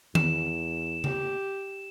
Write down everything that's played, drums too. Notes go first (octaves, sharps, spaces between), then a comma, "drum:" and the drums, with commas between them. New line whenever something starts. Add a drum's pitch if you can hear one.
E2 E7, drum: tom D#3
G4, drum: tom C#3